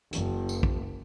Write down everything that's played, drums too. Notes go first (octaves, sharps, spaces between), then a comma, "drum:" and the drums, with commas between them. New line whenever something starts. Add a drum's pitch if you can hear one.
F#1, drum: hi-hat
drum: tambourine
drum: kick